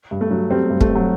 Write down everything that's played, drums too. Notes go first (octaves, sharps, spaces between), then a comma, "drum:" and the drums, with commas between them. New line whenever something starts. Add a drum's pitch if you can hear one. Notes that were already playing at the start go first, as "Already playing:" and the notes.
G2
A3
F#3
G3 C4
A3
G2
A3, drum: kick
C4
F#3